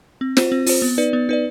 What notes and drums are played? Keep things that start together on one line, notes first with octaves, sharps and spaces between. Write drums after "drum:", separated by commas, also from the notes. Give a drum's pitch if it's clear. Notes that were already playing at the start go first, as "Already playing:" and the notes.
C4
F4 C5, drum: snare
C4
F4 C5, drum: open hi-hat
B3
D#4 B4 D5
B3
D#4 B4 D5